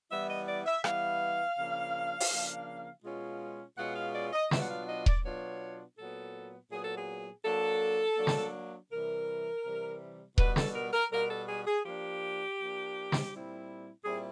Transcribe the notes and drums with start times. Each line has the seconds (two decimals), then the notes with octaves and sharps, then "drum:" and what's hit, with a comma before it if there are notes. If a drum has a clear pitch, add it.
0.11 E3 G3 B3 E4 E5
0.29 D#5
0.48 D5
0.67 E5
0.84 E3 G3 B3 E4 F5, drum: rim click
1.57 C#3 F3 A#3 D4
2.21 drum: open hi-hat
2.31 C#3 F3 A#3 D4
3.04 B2 G#3 C#4 F4
3.78 B2 G#3 C#4 F4 F#5
3.96 F5
4.14 D5
4.33 D#5
4.51 B2 F#3 B3 D4 F4 E5, drum: snare
4.62 F#5
4.69 F5
4.87 D#5
5.06 D5, drum: kick D#1
5.24 B2 F#3 B3 D4 F4 C#5
5.98 A#2 F#3 B3 A4
6.71 A#2 F#3 B3 G#4
6.84 A4
6.96 G#4
7.44 F#3 A#3 D4 A4
8.18 F#3 A#3 D4
8.27 drum: snare
8.91 C3 E3 G3 A#4
9.65 C3 E3 G3
10.38 B2 G3 B3 B4, drum: kick D#1
10.56 A4, drum: snare
10.75 A#4
10.93 A#4
11.12 B2 G3 B3 A#4
11.30 A4
11.47 G#4
11.67 G#4
11.85 F3 A#3 D4 G4
12.59 F3 A#3 D4
13.12 drum: snare
13.31 A#2 G3 C4 E4
14.04 A#2 G3 C4 E4 G#4